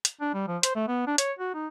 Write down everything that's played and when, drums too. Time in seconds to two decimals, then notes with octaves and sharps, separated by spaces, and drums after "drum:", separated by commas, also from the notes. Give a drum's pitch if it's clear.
0.05 drum: hi-hat
0.21 D4
0.34 G3
0.48 F3
0.63 C5, drum: hi-hat
0.75 A3
0.88 B3
1.07 D4
1.18 C#5, drum: hi-hat
1.39 F#4
1.54 D#4